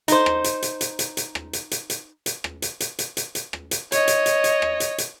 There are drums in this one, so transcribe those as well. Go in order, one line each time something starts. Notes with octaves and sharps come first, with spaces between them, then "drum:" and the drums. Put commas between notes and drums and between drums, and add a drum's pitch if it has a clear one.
D#4 C5, drum: hi-hat
drum: rim click
drum: hi-hat
drum: hi-hat
drum: hi-hat
drum: hi-hat
drum: hi-hat
drum: rim click
drum: hi-hat
drum: hi-hat
drum: hi-hat
drum: hi-hat
drum: rim click
drum: hi-hat
drum: hi-hat
drum: hi-hat
drum: hi-hat
drum: hi-hat
drum: rim click
drum: hi-hat
C#5 D#5, drum: hi-hat
drum: hi-hat
drum: hi-hat
drum: hi-hat
drum: rim click
drum: hi-hat
drum: hi-hat